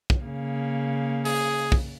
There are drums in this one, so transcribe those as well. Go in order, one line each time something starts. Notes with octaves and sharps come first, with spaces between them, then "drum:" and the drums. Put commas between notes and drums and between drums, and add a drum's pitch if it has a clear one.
drum: kick
C#3 A#3
G#4, drum: open hi-hat
drum: kick